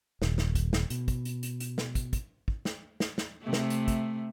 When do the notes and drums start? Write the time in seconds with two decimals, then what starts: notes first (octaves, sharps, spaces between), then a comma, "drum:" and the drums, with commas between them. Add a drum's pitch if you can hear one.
0.22 D#1, drum: snare
0.38 drum: snare
0.55 drum: kick, hi-hat
0.73 drum: snare
0.90 B2, drum: hi-hat
1.08 drum: kick, hi-hat
1.25 drum: hi-hat
1.43 drum: hi-hat
1.60 drum: hi-hat
1.78 drum: snare
1.95 drum: kick, hi-hat
2.13 drum: kick, hi-hat
2.48 drum: kick
2.65 drum: snare
3.00 drum: snare
3.18 drum: snare
3.42 C3 A3
3.53 drum: snare
3.70 drum: hi-hat
3.88 drum: kick, hi-hat